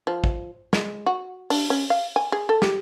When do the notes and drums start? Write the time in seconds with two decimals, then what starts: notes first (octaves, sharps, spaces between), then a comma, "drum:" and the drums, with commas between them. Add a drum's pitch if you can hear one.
0.07 F3
0.24 drum: kick
0.73 G#3, drum: snare
1.06 F#4
1.50 D4, drum: open hi-hat
1.70 C#4
1.90 F5
2.16 G#5
2.32 G#4
2.49 A4
2.62 G4, drum: snare